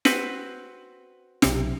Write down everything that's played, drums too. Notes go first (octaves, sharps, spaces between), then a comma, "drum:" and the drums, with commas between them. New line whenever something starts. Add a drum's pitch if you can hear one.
C4 F#4 B4, drum: snare
B1 C3, drum: snare